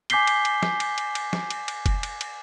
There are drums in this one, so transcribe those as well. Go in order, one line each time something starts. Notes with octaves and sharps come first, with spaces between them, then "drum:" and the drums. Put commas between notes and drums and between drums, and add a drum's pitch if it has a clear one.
G#5 D6 G6 B6 C7 G7, drum: cymbal
drum: cymbal
drum: cymbal
drum: snare
drum: cymbal
drum: cymbal
drum: cymbal
drum: snare
drum: cymbal
drum: cymbal
drum: kick, cymbal
drum: cymbal
drum: cymbal